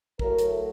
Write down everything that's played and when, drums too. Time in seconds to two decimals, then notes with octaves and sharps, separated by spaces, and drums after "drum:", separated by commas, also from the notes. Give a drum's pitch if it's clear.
0.19 A2 F#3 A3 A#4, drum: kick
0.39 drum: hi-hat